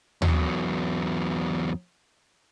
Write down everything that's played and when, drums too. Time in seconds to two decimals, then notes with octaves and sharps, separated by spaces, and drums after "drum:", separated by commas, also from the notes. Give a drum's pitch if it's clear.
0.22 E2 F#3, drum: tom D#2